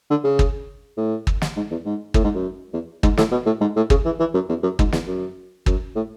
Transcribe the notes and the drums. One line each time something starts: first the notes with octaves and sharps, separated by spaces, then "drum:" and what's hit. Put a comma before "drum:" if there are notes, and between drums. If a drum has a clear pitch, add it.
D3
C#3
drum: kick
A2
drum: kick
drum: snare
G#2
E2
G#2
A2, drum: kick
G#2
F#2
E2
G#2, drum: kick
A2, drum: snare
B2
A2
G#2
A2
C#3, drum: kick
E3
E3
F#2
E2
F#2
G#2, drum: kick
E2, drum: snare
F#2
F#2, drum: kick
A2